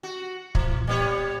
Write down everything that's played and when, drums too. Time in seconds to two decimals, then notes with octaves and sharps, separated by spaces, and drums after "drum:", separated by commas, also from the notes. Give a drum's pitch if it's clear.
0.03 F#4
0.55 A#2 E3, drum: kick
0.87 G3 B3 C#5